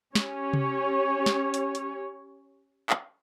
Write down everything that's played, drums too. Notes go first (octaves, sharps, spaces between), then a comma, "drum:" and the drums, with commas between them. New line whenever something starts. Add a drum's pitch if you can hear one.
C#4 G4 C#5, drum: snare
drum: tom C3
drum: snare
drum: hi-hat
drum: hi-hat
drum: clap